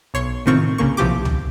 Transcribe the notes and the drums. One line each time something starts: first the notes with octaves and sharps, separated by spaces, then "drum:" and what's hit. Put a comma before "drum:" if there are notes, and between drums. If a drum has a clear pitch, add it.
B1 C#5 C6 C#6
A2 C3 D#3 C4 F4 C#6
C2 C#3 A#3 C#6
B1 C3 E3 F3 G4 D6
drum: tom